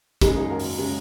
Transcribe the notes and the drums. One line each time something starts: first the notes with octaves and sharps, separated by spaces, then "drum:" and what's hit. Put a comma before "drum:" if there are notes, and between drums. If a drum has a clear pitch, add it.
F#1 F#2 C#3 G#3 D#4 G#4, drum: kick, hi-hat
D#4 G#4
F#4 A#4
drum: open hi-hat
C#3 G#3